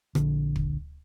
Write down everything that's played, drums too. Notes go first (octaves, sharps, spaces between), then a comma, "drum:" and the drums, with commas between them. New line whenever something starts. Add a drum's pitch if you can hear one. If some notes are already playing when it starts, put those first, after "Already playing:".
A#1 D3, drum: rim click
drum: kick